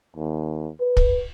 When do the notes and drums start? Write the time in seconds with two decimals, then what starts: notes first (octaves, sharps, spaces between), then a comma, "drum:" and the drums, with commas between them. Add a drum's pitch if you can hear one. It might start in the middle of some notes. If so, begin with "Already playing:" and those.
0.16 D#2
0.80 B4
0.97 drum: kick